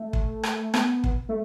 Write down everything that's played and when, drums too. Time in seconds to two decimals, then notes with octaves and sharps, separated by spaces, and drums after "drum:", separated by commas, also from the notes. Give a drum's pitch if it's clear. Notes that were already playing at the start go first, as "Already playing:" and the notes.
Already playing: A3
0.13 drum: kick
0.43 drum: rim click
0.74 B3, drum: rim click
1.04 drum: kick
1.29 A3